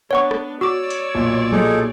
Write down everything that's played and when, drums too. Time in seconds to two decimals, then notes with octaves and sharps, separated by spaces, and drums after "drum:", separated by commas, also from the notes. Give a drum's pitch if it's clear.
0.11 B3 D4 C#5 F#5 C#6
0.31 drum: rim click
0.61 F#4 C#5 D5 D6 E6
0.90 drum: hi-hat
1.14 B1 A#2
1.52 D#4 G#4 A4, drum: tom F3